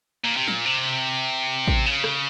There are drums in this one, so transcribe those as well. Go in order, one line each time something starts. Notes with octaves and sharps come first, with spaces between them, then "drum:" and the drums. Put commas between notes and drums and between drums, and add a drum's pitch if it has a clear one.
A#2
C3
A#2, drum: snare
C3
drum: kick A1
C#3
drum: rim click